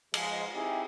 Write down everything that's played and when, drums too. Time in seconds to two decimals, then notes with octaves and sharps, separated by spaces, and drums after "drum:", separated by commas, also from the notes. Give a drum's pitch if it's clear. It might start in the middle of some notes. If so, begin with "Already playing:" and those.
0.14 F3 G#3, drum: cymbal
0.55 C4 D#4 E4 G4 G#4